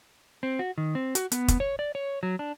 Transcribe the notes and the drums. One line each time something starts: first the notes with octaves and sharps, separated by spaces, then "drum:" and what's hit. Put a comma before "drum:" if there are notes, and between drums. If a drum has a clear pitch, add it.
C4
F#4
D#3
C4
F#4, drum: hi-hat
B3, drum: hi-hat
drum: kick, hi-hat
C#5
D5
C#5
F#3
D4